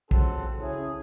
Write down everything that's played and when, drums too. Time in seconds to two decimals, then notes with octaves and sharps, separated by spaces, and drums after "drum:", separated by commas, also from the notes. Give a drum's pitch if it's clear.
0.11 C#2 C#3 F#3 C4 A4 F#5, drum: kick
0.60 C#3 C#4 E4 G#4